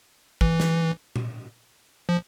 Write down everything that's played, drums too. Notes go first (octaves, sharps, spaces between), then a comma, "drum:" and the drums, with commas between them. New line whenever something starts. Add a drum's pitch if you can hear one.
E3, drum: kick
drum: snare
drum: tom A#2
F3